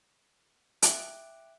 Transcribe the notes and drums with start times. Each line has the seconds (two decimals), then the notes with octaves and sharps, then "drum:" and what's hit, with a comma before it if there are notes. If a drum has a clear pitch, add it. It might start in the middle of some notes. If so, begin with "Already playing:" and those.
0.82 E5 G5 D6 F#6 D7, drum: hi-hat